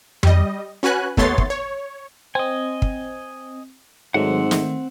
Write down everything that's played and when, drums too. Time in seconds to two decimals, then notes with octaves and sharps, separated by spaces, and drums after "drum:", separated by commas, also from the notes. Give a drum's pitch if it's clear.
0.23 G3 D#5, drum: tom F2
0.83 C#4 F#4 B4 G#5 F#6
1.17 D#2 A3 B3 C#5 C6 A6, drum: kick
1.38 drum: kick
1.50 C#5
2.35 C4 D#5 G#5
2.82 drum: kick
4.14 G#2 D#3 F#3 A3 C4 F#5
4.51 D#3 A3, drum: snare